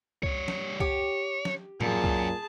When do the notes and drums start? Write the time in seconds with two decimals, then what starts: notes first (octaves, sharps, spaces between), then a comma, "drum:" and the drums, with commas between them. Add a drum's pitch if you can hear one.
0.23 G3 C#5, drum: kick C2
0.48 drum: snare
0.80 G4 C#5, drum: kick C2
1.45 drum: snare
1.81 F#2 A#2 G#4 A5, drum: tom
2.04 drum: kick C2